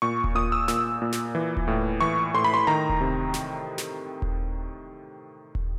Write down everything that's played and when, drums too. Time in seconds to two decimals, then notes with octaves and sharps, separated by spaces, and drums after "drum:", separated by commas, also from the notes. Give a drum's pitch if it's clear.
0.02 A#2 C#6
0.24 drum: kick D#1
0.35 A#2 D#6
0.52 E6
0.68 A#2 E6, drum: snare
1.02 A#2
1.12 drum: snare
1.35 E3
1.57 drum: kick D#1
1.67 A2
2.01 E3 C#6
2.34 A2 C6
2.44 B5
2.54 C6
2.67 D#3 A#5
2.89 drum: kick D#1
3.01 C3
3.34 drum: snare
3.78 drum: snare
4.22 drum: kick D#1
5.55 drum: kick D#1